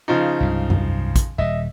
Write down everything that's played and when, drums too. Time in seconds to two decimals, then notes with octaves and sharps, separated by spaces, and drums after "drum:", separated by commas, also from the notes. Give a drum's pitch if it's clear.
0.08 C#3 F3 D#4
0.40 C2 G2 F#3
0.70 drum: tom F#2
1.16 drum: kick, hi-hat
1.38 D#1 G3 D#5 E5